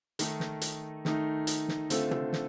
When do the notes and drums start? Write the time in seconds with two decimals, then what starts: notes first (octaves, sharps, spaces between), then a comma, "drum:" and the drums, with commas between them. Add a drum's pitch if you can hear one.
0.19 D#3 A3 D#4, drum: hi-hat
0.40 drum: snare
0.61 drum: hi-hat
1.05 D#3 A3 D#4, drum: snare
1.47 drum: hi-hat
1.68 drum: snare
1.90 D3 A3 C4 F4 A4, drum: hi-hat
2.11 drum: tom
2.33 drum: snare